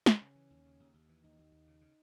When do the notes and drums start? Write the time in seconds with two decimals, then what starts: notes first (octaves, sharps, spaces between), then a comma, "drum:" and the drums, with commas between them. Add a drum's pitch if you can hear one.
0.06 C#3 C#4, drum: snare
0.22 C#3
0.35 E3
0.50 D#2
0.65 C#3
0.80 D#2
0.94 D#2
1.09 E3
1.23 D#2 D#4
1.39 D#2
1.52 D#2
1.67 C#3
1.81 C#3